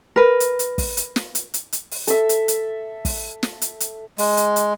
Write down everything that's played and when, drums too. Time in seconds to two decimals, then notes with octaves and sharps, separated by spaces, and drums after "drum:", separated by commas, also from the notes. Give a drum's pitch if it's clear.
0.16 A#4 B4
0.40 drum: hi-hat
0.59 drum: hi-hat
0.78 drum: kick, open hi-hat
0.97 drum: hi-hat
1.16 drum: snare
1.35 drum: hi-hat
1.54 drum: hi-hat
1.73 drum: hi-hat
1.91 drum: open hi-hat
2.07 A4 E5, drum: hi-hat
2.29 drum: hi-hat
2.48 drum: hi-hat
3.05 drum: kick, open hi-hat
3.43 drum: snare
3.62 drum: hi-hat
3.80 drum: hi-hat
4.18 G#3, drum: open hi-hat
4.37 drum: hi-hat
4.56 drum: hi-hat